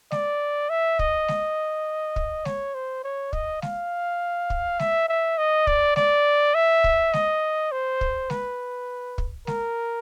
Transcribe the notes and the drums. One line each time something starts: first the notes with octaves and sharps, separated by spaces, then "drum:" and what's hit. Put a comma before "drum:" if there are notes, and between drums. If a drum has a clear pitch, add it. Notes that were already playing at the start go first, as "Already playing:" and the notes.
D5, drum: snare G#3
E5
D#5, drum: kick
drum: snare G#3
drum: kick
C#5, drum: snare G#3
C5
C#5
D#5, drum: kick
F5, drum: snare G#3
drum: kick
E5, drum: snare G#3
E5
D#5
D5, drum: kick
D5, drum: snare G#3
E5
drum: kick
D#5, drum: snare G#3
C5
drum: kick
B4, drum: snare G#3
drum: kick
A#4, drum: snare G#3